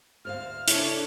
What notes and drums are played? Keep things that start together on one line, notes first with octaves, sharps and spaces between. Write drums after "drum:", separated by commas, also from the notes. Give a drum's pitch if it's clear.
D2 C5 F5 F6
C#3 D4 E4 A4 C#5, drum: hi-hat